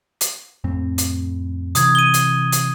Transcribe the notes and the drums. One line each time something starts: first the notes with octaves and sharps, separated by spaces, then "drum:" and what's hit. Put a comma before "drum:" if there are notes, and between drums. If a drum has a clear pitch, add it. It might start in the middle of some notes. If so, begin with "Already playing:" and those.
drum: hi-hat
F2 A2 C4
drum: hi-hat
C3 E3 D#6 G#6, drum: hi-hat
D#7 G7
drum: hi-hat
drum: hi-hat